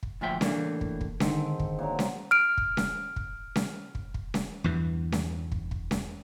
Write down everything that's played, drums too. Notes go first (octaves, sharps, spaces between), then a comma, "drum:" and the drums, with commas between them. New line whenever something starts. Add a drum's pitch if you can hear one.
drum: kick
D2 A#2 F3 E5 G5
A2 C#3 E3 A3 A#3 D4, drum: snare C#4
drum: kick
drum: kick
G#2 D3 D#3 C4 A4, drum: snare C#4
drum: kick
A#2 F#3 A#4
drum: snare C#4
F6 D7
drum: kick
drum: snare C#4
drum: kick
drum: snare C#4
drum: kick
drum: kick
drum: snare C#4
E2 G2 E3
drum: snare C#4
drum: kick
drum: kick
drum: snare C#4